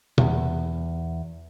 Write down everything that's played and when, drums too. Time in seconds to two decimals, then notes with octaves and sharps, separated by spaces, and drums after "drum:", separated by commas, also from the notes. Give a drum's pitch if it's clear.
0.18 E2, drum: tom